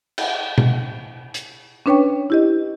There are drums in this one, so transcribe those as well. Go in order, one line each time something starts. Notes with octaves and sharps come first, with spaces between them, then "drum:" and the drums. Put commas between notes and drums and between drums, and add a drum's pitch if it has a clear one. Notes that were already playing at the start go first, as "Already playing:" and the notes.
drum: cymbal
drum: tom B2
drum: hi-hat
C#4 D4 B4 C#5 G5 C#6
E4 G4 D#5